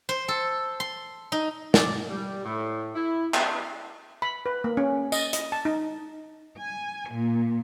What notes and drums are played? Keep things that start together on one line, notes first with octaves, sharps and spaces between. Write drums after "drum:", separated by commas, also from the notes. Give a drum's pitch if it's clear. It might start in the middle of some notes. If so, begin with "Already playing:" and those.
C5
A4
C6
D#4
D5, drum: snare
G3
A2
E4
B3, drum: clap
B5
B4
A#3
C#4
D#5, drum: tambourine
D#5, drum: hi-hat
A5
D#4
G#5
A#2